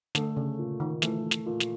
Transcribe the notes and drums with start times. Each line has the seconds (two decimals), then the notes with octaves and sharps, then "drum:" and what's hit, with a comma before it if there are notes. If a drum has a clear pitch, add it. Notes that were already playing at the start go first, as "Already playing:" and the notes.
0.15 D3 A3, drum: snare
0.37 C#3
0.59 A#2
0.80 D#3
1.02 E3 A3, drum: snare
1.31 drum: snare
1.46 A#2
1.60 drum: snare